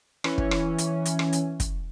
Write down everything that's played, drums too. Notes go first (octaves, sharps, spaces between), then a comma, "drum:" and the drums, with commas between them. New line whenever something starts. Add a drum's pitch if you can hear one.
E3 C#4, drum: rim click
drum: kick
drum: rim click
drum: hi-hat
drum: hi-hat
drum: rim click
drum: hi-hat
drum: kick, hi-hat